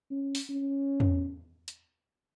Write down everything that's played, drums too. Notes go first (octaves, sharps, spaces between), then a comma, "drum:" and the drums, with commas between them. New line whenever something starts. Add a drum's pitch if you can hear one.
C#4
drum: open hi-hat
C#4
drum: tom
drum: hi-hat